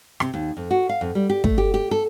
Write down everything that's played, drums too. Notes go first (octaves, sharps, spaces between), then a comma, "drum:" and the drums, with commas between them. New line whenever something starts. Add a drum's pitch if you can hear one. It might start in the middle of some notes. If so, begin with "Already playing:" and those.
C3, drum: rim click
D#2
F2
F#4
F5
F2
G3
G4
A3, drum: kick
G4
G4
A4